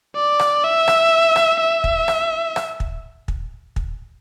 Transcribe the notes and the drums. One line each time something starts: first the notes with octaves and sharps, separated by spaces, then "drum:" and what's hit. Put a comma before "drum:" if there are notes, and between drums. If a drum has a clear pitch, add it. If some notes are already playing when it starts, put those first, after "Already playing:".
D5
drum: rim click
E5
drum: rim click
drum: rim click
E5
drum: kick
drum: rim click
drum: rim click
drum: kick
drum: kick
drum: kick